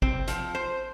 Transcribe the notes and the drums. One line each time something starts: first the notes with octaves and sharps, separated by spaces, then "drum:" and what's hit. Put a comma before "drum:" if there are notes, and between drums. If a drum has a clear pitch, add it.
C4, drum: kick
F3, drum: hi-hat
C5